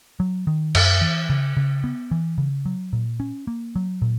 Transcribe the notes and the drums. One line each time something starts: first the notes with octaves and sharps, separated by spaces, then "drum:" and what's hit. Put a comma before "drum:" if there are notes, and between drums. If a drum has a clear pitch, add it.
F#3
D#3
F#2, drum: cymbal
E3
C#3
C#3
B3
E3
C#3
F#3
A#2
C#4
A#3
F#3
A#2